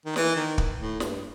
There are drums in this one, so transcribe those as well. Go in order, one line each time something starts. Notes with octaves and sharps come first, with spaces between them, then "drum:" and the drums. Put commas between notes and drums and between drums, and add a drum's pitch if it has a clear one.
D#3
E3, drum: snare
D#3
drum: kick
A2
G2, drum: snare